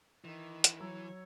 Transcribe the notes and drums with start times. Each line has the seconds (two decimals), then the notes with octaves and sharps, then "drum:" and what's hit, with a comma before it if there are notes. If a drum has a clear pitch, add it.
0.24 D#3 E3
0.64 drum: hi-hat
0.80 F#3 C#5 A#5 E6